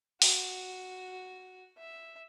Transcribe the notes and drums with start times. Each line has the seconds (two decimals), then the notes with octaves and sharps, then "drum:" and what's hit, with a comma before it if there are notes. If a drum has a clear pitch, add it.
0.22 F#4, drum: open hi-hat
1.78 E5